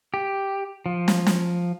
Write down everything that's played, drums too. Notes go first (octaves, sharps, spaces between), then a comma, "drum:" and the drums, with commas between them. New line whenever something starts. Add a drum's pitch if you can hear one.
G4
F3
drum: snare
drum: snare